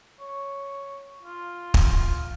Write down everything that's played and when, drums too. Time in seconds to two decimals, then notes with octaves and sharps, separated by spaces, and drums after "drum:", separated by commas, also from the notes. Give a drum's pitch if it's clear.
0.20 C#5
1.22 F4
1.74 drum: kick